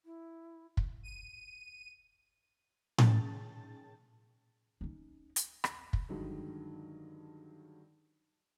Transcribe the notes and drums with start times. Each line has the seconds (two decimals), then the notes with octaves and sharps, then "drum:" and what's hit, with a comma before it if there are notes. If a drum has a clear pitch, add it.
0.05 E4
0.77 drum: kick
1.03 D#7
2.98 D#3 C#4 G#4 G5 A5 A6, drum: tom A2
4.81 C#4 D#4
5.36 drum: hi-hat
5.64 drum: rim click
5.93 drum: kick
6.09 G2 D3 D#3 F#3 G#3